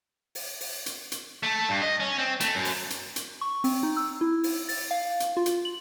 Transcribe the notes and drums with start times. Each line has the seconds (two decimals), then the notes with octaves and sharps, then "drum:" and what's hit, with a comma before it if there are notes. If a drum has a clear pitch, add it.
0.35 drum: open hi-hat
0.61 drum: open hi-hat
0.86 drum: hi-hat
1.12 drum: hi-hat
1.43 A3
1.69 G2
1.82 D#5
2.00 C#4
2.18 C4
2.40 A3, drum: hi-hat
2.55 F#2
2.65 drum: open hi-hat
2.90 drum: hi-hat
3.16 drum: hi-hat
3.41 C#6
3.64 C4, drum: open hi-hat
3.83 D#4
3.97 E6
4.21 E4
4.44 drum: open hi-hat
4.69 A6, drum: open hi-hat
4.91 F5
5.20 drum: hi-hat
5.37 F4
5.46 drum: hi-hat
5.65 F#7